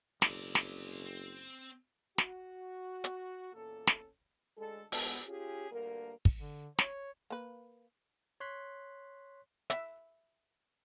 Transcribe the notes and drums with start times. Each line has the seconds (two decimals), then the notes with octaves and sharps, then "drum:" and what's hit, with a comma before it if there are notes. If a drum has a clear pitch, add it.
0.22 F#1 C4 D5, drum: snare
0.55 drum: snare
1.05 C4
2.18 F#4, drum: snare
3.04 drum: hi-hat
3.53 E2 A#2 A#3 C#4 A4
3.87 drum: snare
4.58 D2 G#3 A4
4.92 D3 G#3 B3, drum: open hi-hat
5.27 C#4 F4 G4 G#4
5.72 D2 G2 A#3 A#4
6.25 drum: kick
6.39 D3
6.79 C#5, drum: snare
7.30 A#3 B4
8.40 C#5 C6 F#6 B6
9.70 E5, drum: hi-hat